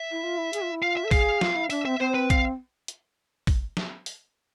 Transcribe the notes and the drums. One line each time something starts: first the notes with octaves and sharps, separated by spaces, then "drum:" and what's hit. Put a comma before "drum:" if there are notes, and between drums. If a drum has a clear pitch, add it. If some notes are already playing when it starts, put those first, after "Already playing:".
Already playing: E5
E4
F4
E4
G#4, drum: hi-hat
F4
E4
F4 F5
E5
A4
G#4 F5, drum: kick, open hi-hat
F4, drum: snare
E4
D4 E5, drum: open hi-hat
C4 E5
C4 C5
B4
F5, drum: kick, hi-hat
drum: hi-hat
drum: kick, open hi-hat
drum: snare
drum: open hi-hat